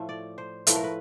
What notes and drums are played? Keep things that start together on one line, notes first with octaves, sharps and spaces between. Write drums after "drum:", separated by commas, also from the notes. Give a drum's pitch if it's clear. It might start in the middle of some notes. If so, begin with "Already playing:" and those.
Already playing: A2 F3 A3 C5
D5
C5
A2 F3 A3 B4, drum: hi-hat
A#4
B4